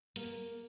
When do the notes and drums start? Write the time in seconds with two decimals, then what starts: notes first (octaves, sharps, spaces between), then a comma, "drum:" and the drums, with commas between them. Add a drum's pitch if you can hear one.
0.16 A#3, drum: hi-hat